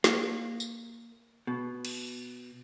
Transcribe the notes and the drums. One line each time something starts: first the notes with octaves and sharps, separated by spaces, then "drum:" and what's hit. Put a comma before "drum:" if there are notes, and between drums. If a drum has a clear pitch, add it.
A#3, drum: snare
drum: tambourine
B2
drum: cymbal